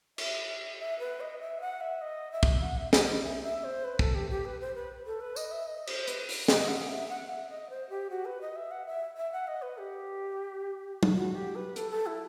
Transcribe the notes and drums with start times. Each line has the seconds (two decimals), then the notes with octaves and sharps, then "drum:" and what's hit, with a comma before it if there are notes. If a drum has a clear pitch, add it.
0.18 E5, drum: cymbal
0.79 E5
0.99 B4
1.21 D#5
1.40 E5
1.61 F#5
1.81 E5
2.01 D#5
2.32 E5
2.43 drum: kick
2.62 F#5
2.77 E5
2.93 D#5, drum: snare
3.02 C5
3.08 D#5
3.24 E5
3.43 E5
3.64 C5
3.84 B4
3.99 A4, drum: kick
4.15 G4
4.30 G4
4.45 B4
4.61 C5
4.75 B4
5.06 A4
5.21 B4
5.36 D#5, drum: tambourine
5.51 E5
5.67 D#5
5.87 C5, drum: cymbal
6.07 B4, drum: hi-hat
6.29 drum: open hi-hat
6.48 D#5, drum: snare
6.68 F#5
6.89 E5
7.09 F#5
7.29 E5
7.50 D#5
7.70 C5
7.90 G4
8.10 F#4
8.25 B4
8.41 D#5
8.56 E5
8.71 F#5
8.87 E5
9.17 E5
9.32 F#5
9.47 D#5
9.62 B4
9.78 G4
11.03 drum: tom
11.15 F#4
11.35 G4
11.56 B4
11.76 A4, drum: hi-hat
11.91 A4
12.06 E4